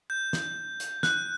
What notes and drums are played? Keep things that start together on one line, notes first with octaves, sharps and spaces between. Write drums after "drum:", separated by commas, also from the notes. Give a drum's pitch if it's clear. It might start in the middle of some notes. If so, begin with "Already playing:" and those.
G6
drum: snare
drum: hi-hat
F#6, drum: snare